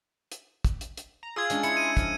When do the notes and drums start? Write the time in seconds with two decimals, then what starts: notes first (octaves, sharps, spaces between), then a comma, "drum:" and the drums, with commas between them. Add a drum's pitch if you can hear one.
0.32 drum: hi-hat
0.65 drum: kick, hi-hat
0.81 drum: hi-hat
0.97 drum: hi-hat
1.23 A#5
1.36 F4 G#4 E6 G#6
1.50 G#3 C#4 D4, drum: hi-hat
1.63 E4 C#7, drum: hi-hat
1.77 D#7
1.97 F3, drum: kick, hi-hat